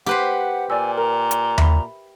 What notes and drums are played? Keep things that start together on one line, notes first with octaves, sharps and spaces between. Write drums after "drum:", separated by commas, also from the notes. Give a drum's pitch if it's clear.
G4 B4 C5 F#5
A#2 D5 G#5 E6
A#4 A#5
drum: hi-hat
E5 B5, drum: tom D#2